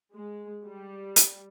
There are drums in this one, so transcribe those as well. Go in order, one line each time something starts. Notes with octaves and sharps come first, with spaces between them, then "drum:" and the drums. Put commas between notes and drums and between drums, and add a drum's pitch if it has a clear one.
G#3
G3
drum: hi-hat